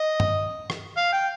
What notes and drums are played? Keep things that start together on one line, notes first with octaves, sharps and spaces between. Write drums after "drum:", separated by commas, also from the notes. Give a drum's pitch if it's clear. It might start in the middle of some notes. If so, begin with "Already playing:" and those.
Already playing: D#5
drum: tom G2
drum: rim click
F5
G5